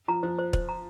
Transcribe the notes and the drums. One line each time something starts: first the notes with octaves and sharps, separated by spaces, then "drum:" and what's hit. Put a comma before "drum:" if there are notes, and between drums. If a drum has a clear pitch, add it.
F3 A#5
F3 C5
C5
C5, drum: kick
A#5